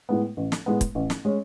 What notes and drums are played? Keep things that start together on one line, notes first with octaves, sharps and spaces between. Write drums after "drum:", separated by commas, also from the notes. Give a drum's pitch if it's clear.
A2 G#3 B3
A1
drum: snare
A2 G#3 B3
drum: kick, hi-hat
A1
drum: snare
G#3 C#4